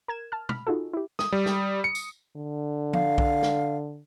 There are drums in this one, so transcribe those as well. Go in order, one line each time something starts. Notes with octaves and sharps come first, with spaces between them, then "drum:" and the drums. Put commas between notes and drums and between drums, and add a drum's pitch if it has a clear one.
A#4 G#6 E7
A5 F6
B5 F6, drum: tom
D#4 F4 F#4 G#4 A4
E4 G4
D#6, drum: snare
G3
drum: snare
C#7
drum: tambourine
D3
F5, drum: tom F3
drum: kick B1
drum: snare